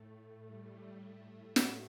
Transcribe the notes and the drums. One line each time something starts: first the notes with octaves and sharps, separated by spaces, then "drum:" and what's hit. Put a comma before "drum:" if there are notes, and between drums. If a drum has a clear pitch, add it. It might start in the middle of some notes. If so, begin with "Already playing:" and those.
Already playing: A2 A3
G3
A2 A3
drum: snare